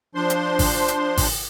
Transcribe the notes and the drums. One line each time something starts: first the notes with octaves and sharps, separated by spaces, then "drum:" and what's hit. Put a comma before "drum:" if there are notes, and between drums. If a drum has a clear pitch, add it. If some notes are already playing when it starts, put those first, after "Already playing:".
F3 D4 C5 C6
drum: hi-hat
drum: kick G#1, open hi-hat
drum: hi-hat
drum: kick G#1, open hi-hat